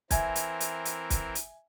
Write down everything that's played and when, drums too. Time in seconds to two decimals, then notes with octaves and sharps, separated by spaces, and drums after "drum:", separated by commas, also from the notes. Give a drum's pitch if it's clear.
0.11 E3 C4 A#4 E5 G#5 G#6, drum: kick, hi-hat
0.35 drum: hi-hat
0.60 drum: hi-hat
0.85 drum: hi-hat
1.10 drum: kick, hi-hat
1.35 drum: hi-hat